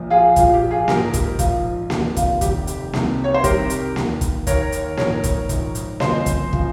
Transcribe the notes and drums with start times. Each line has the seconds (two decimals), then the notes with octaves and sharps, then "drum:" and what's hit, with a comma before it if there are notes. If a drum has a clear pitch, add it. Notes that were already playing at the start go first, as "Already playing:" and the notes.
Already playing: A#1 A#2 F3
0.10 F4 G#4
0.36 A#1 A#2 F3 F4, drum: kick, hi-hat
0.54 G4
0.71 F4 G#4
0.88 A#1 G#2 F3 G4 A#4, drum: snare A#3
1.14 drum: kick, hi-hat
1.39 A#1 G#2 F3 F4, drum: kick, hi-hat
1.90 F1 D#2 D#3 G4, drum: snare A#3
2.17 F4, drum: kick, hi-hat
2.41 F1 D#2 D#3 G4, drum: kick, hi-hat
2.67 drum: hi-hat
2.93 C2 C3 D#3, drum: snare A#3
3.24 C#5
3.34 C5
3.44 C2 C3 D#3 G4 A#4, drum: kick, hi-hat
3.70 drum: hi-hat
3.96 D#2 D#3, drum: snare A#3
4.21 drum: kick, hi-hat
4.47 D#2 D#3 A#4 C#5, drum: kick, hi-hat
4.72 drum: hi-hat
4.97 A#1 G#2 D#3 A#4 C#5, drum: snare A#3
5.24 drum: kick, hi-hat
5.49 A#1 G#2 D#3, drum: kick, hi-hat
5.75 drum: hi-hat
6.00 G1 F2 C#3 F3 C5 D#5, drum: snare A#3
6.26 drum: kick, hi-hat
6.53 C#3 F3, drum: kick